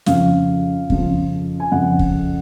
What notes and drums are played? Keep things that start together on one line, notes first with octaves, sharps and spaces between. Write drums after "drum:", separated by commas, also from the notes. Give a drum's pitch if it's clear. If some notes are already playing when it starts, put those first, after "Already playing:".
F2 C#3 F3 F5, drum: snare
F2 C#3 F3, drum: kick
G#5
F2 C#3 F3 F#5
drum: kick